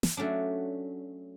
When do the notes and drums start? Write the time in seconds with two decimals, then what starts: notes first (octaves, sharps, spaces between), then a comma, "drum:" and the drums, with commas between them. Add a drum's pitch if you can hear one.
0.03 drum: snare
0.17 F#3 A3 C#4 D4